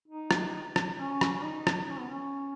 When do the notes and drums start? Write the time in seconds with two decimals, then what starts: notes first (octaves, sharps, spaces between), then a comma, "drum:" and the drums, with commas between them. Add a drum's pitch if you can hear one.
0.08 D#4
0.31 drum: rim click
0.76 drum: rim click
0.98 C#4
1.21 drum: rim click
1.32 C#4
1.44 D#4
1.67 drum: rim click
1.89 C#4
1.99 B3
2.08 C#4